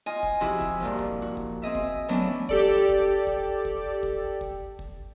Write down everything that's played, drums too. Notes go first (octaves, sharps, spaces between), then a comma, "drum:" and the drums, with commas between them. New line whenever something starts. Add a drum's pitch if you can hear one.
F4 D#5 G#5
drum: kick
C3 F3 E4 F#4 G#4
drum: kick
G2 A#2 F3
drum: kick
F#4
drum: kick
C4 G#4 D#5 E5
drum: kick
E3 F#3 A3 B3 C#4 D4
G4 A4 D5, drum: kick
drum: kick
drum: kick
drum: kick
drum: kick
drum: kick
drum: kick